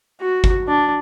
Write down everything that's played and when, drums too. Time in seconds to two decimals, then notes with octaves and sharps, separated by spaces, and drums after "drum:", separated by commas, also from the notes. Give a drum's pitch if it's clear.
0.21 F#4
0.44 drum: kick
0.68 D4